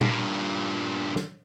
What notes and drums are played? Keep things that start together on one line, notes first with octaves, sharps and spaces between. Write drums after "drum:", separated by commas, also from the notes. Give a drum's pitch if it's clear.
G2 A#2, drum: tom A#2
drum: snare